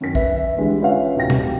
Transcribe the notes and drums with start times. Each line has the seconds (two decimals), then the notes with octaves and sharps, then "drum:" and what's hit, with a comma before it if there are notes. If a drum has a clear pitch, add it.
0.01 F#2 D#3 C#4 B6
0.15 B4 E5, drum: kick
0.36 E5
0.57 D3 E3 G3 G#3 D4
0.80 C#4 F4 B4 C#5 E5 F5
1.16 D1 C3 D#4 G5 A#6
1.30 drum: tom